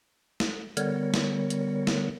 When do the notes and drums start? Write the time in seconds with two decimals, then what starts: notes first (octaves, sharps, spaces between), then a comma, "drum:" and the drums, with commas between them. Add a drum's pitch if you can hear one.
0.40 drum: snare
0.77 D3 G3 B3 A#4 C#5, drum: hi-hat
1.14 drum: snare
1.50 drum: hi-hat
1.87 drum: snare